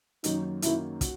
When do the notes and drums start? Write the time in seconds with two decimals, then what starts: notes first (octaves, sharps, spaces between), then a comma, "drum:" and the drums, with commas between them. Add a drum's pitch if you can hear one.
0.24 F#2 D#3 F#3 A#3 D#4, drum: hi-hat
0.62 F#2 D#3 F#3 A#3 E4, drum: hi-hat
1.01 F#4, drum: kick, hi-hat